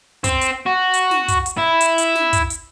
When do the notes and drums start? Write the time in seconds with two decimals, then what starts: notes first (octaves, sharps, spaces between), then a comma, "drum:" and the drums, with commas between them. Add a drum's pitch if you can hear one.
0.24 C4, drum: kick, hi-hat
0.41 drum: hi-hat
0.66 F#4
0.94 drum: hi-hat
1.11 drum: snare
1.28 drum: kick, hi-hat
1.46 drum: hi-hat
1.58 E4
1.81 drum: hi-hat
1.98 drum: hi-hat
2.15 drum: snare
2.33 drum: kick, hi-hat
2.50 drum: hi-hat